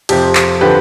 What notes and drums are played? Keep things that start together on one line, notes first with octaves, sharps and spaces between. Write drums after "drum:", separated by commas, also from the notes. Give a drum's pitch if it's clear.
F2 C3 F3 G4, drum: cymbal
drum: clap
D3 F3 G4 B4